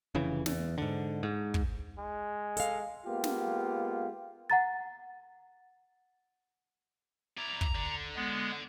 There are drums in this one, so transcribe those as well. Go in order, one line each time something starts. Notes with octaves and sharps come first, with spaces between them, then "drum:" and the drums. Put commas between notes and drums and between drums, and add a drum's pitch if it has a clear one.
F1 C#3 E3
E2, drum: snare
G#2 D3
G#2
drum: kick
G#3
A4 D#5 F5, drum: hi-hat
G#3 A#3 B3 F4 G4
drum: snare
F#5 A#5 A6
E4 D5 A#5
drum: kick
D3
G#3 B3